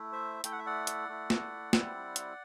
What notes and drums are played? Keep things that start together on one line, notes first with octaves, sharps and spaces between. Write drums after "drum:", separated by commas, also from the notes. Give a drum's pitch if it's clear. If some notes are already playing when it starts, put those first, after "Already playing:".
Already playing: A3 E4
C5 E5
A3 E4 G5, drum: hi-hat
F#5
E5
D5 F#5
drum: hi-hat
A3 E4
drum: snare
G3 C4 E4, drum: snare
drum: hi-hat